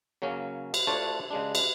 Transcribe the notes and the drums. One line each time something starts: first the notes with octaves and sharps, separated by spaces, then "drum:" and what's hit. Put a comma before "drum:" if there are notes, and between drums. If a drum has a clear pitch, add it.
C#3 F#3 A#3 C#4
drum: cymbal
A3 D4 F4 C5 C#5 A5
C#3 G#3 D4
drum: cymbal